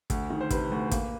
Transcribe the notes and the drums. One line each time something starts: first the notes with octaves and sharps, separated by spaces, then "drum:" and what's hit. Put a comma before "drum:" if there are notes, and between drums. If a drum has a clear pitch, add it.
D2, drum: kick, hi-hat
D#3
C5
C3 B4, drum: kick, hi-hat
D2
A#3, drum: kick, hi-hat